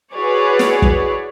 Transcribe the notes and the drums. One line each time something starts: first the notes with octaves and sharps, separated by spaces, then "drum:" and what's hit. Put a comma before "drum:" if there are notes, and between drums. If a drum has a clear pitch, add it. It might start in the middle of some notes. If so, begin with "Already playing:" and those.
E4 F#4 G#4 B4 C#5 D5
drum: snare
drum: kick